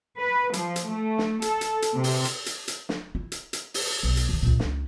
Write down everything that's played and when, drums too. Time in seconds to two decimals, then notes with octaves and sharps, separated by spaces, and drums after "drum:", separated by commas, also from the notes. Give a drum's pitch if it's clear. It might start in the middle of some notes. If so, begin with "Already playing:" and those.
0.19 B4
0.53 F3, drum: hi-hat
0.76 drum: hi-hat
0.89 A3
1.18 drum: snare
1.42 A4, drum: hi-hat
1.61 drum: hi-hat
1.82 drum: hi-hat
1.93 C3
2.04 drum: open hi-hat
2.25 drum: hi-hat
2.46 drum: hi-hat
2.68 drum: hi-hat
2.89 drum: snare
3.15 E4
3.32 drum: hi-hat
3.53 drum: hi-hat
3.74 drum: open hi-hat
4.03 B1
4.17 drum: hi-hat
4.29 D2 D#3
4.43 C#2 A#2
4.60 C#2 C#4, drum: snare